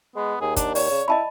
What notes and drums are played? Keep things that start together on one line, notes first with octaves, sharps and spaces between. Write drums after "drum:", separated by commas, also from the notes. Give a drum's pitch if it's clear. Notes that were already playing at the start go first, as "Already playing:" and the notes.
G#3 B3
D#2 G#4
D4, drum: kick, hi-hat
C#5 D5, drum: open hi-hat
C#3
E4 D#5 A5 B5